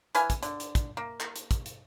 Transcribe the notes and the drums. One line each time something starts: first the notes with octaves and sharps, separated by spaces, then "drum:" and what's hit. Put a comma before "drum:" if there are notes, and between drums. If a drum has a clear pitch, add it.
E3 B4 F5 G#5, drum: hi-hat
drum: kick, hi-hat
D3, drum: hi-hat
drum: hi-hat
drum: kick, hi-hat
A#3
drum: clap
drum: hi-hat
drum: kick, hi-hat
drum: hi-hat